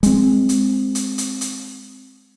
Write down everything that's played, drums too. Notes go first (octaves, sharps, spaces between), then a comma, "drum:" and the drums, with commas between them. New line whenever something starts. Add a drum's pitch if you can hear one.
G#3 C4, drum: hi-hat
drum: hi-hat
drum: hi-hat
drum: hi-hat
drum: hi-hat